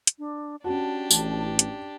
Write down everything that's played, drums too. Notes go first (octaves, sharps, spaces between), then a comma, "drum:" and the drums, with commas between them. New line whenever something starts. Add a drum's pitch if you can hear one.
drum: hi-hat
D4
C#4 D4 F#4 G4 A5
A1, drum: tambourine
drum: hi-hat